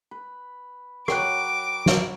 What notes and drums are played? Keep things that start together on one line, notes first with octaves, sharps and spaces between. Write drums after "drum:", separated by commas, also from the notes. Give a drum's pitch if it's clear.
B4
F#3 A#4 G5 D6 F#6, drum: rim click
drum: snare